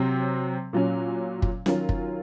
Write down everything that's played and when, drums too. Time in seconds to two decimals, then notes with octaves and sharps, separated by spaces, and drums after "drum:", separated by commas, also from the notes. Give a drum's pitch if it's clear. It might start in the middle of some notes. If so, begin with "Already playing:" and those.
Already playing: C3 F#3 C4
0.73 A#2 F#3 C#4
1.42 drum: kick
1.66 D#3 F#3 C#4 F4 A#4, drum: snare
1.89 drum: kick